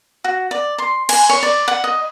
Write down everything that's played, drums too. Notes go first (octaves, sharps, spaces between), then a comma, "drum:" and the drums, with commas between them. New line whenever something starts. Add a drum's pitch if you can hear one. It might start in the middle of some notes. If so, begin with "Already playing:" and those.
F#4
D5
C6
G#5, drum: cymbal
C#5
D5
F#5
D#5